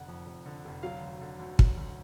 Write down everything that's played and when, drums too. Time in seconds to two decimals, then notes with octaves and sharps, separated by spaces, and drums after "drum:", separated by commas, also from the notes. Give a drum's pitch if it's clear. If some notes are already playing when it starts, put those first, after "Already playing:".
Already playing: F1 D3 F#5
0.08 F2
0.27 F1
0.46 D3
0.65 F1
0.83 F#3 F5
1.02 D2
1.21 D3
1.39 D2
1.59 F#3, drum: kick
1.77 D2